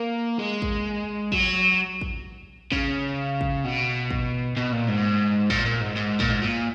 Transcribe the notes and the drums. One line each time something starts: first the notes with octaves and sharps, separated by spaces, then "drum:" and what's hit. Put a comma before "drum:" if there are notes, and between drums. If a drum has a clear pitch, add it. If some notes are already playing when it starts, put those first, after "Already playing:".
Already playing: A#3
G#3
drum: kick
F#3, drum: kick
drum: kick
C#3, drum: kick
drum: kick
B2
drum: kick
B2
A#2
G#2
A#2, drum: kick
A#2
G#2
G#2
A#2, drum: kick
G#2
A#2